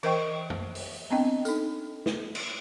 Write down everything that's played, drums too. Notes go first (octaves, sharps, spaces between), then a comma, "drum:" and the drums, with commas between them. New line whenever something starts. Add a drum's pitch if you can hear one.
E3 A#4 C5 D#5 G5 C#6, drum: cymbal
drum: tom
drum: open hi-hat
B3 C4 D4 D#5 G5
D#4 A4, drum: tambourine
drum: snare
drum: cymbal